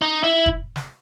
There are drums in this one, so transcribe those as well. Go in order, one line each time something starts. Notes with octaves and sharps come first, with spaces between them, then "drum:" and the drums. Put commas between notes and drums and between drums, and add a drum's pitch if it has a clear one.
D#4
E4
drum: kick
drum: snare